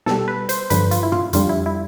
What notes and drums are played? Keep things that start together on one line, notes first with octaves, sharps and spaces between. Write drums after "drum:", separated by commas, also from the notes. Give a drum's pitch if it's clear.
B2 G3 A4, drum: snare
B4
C5, drum: hi-hat
G2 D3 F3 B4, drum: hi-hat
F4, drum: hi-hat
E4
F4, drum: tom
F2 D3 G3 F4, drum: hi-hat
E4
E4